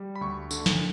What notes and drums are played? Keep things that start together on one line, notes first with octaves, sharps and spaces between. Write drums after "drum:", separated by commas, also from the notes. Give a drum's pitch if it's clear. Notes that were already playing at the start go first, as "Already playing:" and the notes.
Already playing: G3
B5
D2 C#6
D3, drum: tambourine
drum: snare